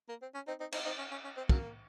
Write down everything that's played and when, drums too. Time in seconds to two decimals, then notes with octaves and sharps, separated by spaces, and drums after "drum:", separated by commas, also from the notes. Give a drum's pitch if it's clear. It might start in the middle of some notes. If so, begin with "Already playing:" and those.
0.09 A#3
0.22 C4
0.34 C#4
0.48 C4 D#4
0.60 C4 D#4
0.72 C4 D#4, drum: cymbal
0.85 C4 D#4
0.98 C#4
1.11 C#4
1.24 C#4
1.37 C4
1.49 C#3 F#3 A#3, drum: kick